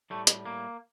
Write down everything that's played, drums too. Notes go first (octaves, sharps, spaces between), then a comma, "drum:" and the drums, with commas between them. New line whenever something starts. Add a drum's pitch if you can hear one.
A2 G3 A3
drum: hi-hat
A#3